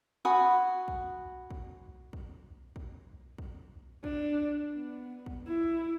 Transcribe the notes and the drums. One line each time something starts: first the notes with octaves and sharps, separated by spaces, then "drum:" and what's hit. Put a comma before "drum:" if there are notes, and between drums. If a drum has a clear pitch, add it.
F#4 G#5 B5 D#6
drum: kick
drum: kick
drum: kick
drum: kick
drum: kick
D4, drum: kick
B3
drum: kick
E4